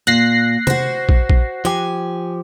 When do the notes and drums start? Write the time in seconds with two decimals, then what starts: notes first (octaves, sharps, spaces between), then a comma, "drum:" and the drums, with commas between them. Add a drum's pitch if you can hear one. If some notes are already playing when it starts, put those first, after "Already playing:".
0.07 A#2 F#6 A#6 C7
0.67 F#4 C5, drum: tom C3
1.09 drum: kick
1.30 drum: kick
1.65 F3 G4 G#5